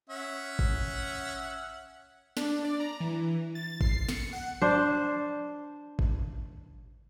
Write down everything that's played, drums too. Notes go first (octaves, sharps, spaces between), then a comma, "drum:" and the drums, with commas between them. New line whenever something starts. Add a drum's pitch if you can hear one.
C#4 E5 F#5
drum: kick G#1
D4, drum: snare
D5
A#5
E3
A6
C7, drum: kick G#1
C#7, drum: snare
F#5
D4 C5
drum: kick G#1